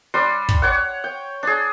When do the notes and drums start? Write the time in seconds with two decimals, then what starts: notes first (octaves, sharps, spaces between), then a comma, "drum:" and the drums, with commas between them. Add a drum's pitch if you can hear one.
0.14 G3 D4 C6
0.49 drum: kick
0.62 C#5 F#5
1.04 G5
1.43 D4 G#4